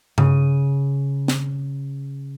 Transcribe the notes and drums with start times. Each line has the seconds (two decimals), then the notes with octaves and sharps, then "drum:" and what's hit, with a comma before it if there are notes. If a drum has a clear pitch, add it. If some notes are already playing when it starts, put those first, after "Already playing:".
0.18 C#3 D#7, drum: tom G2
1.28 drum: snare